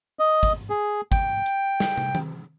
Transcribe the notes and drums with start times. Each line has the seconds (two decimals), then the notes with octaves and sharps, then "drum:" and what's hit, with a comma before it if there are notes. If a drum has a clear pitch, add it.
0.19 D#5
0.43 drum: kick, hi-hat
0.70 G#4
1.12 G5, drum: kick, hi-hat
1.46 drum: hi-hat
1.80 drum: snare
1.97 drum: tom
2.15 drum: tom D#3